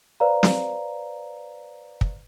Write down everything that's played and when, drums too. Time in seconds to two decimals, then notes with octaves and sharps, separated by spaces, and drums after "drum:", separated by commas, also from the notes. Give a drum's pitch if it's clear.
0.20 B4 C5 D5 F5 A#5
0.43 drum: snare
2.01 drum: kick